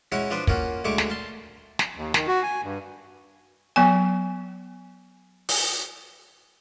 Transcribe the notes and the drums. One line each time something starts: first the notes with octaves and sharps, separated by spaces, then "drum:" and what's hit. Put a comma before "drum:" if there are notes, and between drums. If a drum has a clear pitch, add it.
G#3 C#4 E4 F#4 C#5
F3 D4 B4 C5
A#3 C#4 F4 F#4, drum: kick
D2 D3 G#3 E5 C#6 D6
drum: snare
F5 A5 C6
drum: snare
D#2
D#3, drum: snare
F#4
G#5
G2
F#3 B3 G#5
drum: open hi-hat